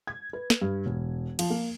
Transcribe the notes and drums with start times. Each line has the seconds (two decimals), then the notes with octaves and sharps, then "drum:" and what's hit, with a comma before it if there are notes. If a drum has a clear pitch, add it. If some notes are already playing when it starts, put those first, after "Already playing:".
0.07 G#6
0.33 B4
0.50 drum: snare
0.62 G2
0.86 E1
1.39 F3, drum: cymbal
1.50 A#3